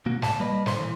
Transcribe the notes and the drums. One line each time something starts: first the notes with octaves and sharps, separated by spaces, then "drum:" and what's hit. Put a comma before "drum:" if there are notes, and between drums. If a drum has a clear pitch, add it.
B2 A#3 F#4
C#2 A5, drum: snare
G3 A#3 B4 D5 D#5
A2 D3 C5 C#5 C6, drum: snare
A#2 E3